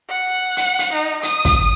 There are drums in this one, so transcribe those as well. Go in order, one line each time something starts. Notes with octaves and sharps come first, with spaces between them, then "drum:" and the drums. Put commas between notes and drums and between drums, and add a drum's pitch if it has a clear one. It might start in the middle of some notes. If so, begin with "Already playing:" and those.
F#5
drum: hi-hat
drum: hi-hat
D#4
D#6, drum: hi-hat
drum: kick, hi-hat